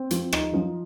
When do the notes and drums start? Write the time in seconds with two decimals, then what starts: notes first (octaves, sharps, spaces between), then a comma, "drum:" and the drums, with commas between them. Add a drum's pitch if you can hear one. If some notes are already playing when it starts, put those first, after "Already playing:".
Already playing: C4
0.11 F2 F3, drum: hi-hat
0.33 D#4, drum: rim click
0.53 F#2 F3